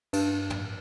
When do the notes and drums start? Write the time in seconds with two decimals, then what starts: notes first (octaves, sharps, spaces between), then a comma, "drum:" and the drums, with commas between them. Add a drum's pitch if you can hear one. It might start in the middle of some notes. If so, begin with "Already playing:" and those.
0.13 G2, drum: cymbal
0.50 drum: tom